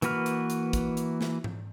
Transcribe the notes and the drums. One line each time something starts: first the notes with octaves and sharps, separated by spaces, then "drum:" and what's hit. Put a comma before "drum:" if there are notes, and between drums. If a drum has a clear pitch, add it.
E3 A#3 F#4 B4 F6, drum: hi-hat
drum: hi-hat
drum: hi-hat
drum: kick, hi-hat
drum: hi-hat
drum: snare
drum: tom G#2